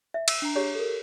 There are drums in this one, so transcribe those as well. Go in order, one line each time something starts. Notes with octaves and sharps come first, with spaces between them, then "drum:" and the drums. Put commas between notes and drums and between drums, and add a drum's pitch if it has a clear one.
E5
E6 D#7, drum: cymbal
D4 A#5
G4 G#4 C#5
A4 A#4